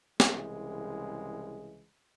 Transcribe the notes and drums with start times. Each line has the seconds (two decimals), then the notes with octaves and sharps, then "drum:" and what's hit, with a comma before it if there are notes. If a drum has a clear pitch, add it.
0.20 C2 C#3 E3 G#3, drum: snare